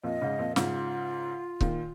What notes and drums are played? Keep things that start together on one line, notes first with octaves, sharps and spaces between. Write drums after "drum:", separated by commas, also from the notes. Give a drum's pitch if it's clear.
F2 A#2 D#5
G#2 C#3
F2 A#2
G#2 C#3 F4, drum: snare
A#2 D#3, drum: kick C#1